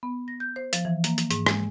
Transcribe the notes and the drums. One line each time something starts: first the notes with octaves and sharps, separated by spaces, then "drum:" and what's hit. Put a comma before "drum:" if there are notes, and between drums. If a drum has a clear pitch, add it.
B3
A#6
G6
C5
F3, drum: hi-hat
E3
A#3, drum: hi-hat
drum: hi-hat
G#2, drum: hi-hat
G#3, drum: rim click